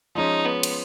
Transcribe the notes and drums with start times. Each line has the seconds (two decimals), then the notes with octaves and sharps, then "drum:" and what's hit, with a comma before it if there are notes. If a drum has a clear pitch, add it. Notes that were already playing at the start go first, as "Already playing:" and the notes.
0.15 F3 G#3 C#4 D#4
0.45 B3
0.63 drum: cymbal